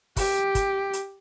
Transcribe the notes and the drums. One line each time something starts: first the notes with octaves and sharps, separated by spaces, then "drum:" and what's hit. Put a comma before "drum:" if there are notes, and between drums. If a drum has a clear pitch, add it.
G4, drum: kick, open hi-hat
drum: kick, hi-hat
drum: hi-hat